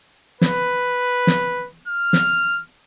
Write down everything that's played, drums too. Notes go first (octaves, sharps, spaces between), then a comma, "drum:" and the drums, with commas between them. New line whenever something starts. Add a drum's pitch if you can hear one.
B4, drum: snare
drum: snare
F6
drum: snare